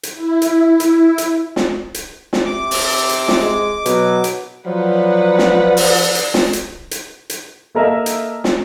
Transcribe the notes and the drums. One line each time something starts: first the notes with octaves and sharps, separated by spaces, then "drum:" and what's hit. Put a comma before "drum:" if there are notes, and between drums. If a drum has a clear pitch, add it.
drum: hi-hat
E4
drum: hi-hat
drum: hi-hat
drum: hi-hat
drum: snare
drum: hi-hat
drum: snare
C3 D6
drum: open hi-hat
drum: hi-hat
drum: snare
G#3
B2 F#3, drum: hi-hat
drum: hi-hat
F3 F#3 B4 D5 F#5
drum: snare
drum: open hi-hat
drum: hi-hat
drum: snare
drum: hi-hat
drum: hi-hat
drum: hi-hat
A#3 A4 A#4 D#5 E5
drum: hi-hat
drum: snare